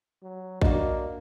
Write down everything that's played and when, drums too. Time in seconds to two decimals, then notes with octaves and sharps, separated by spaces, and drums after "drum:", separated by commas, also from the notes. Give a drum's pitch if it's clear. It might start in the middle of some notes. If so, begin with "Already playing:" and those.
0.22 F#3
0.62 A#3 D4 F#4 D#5, drum: kick A#1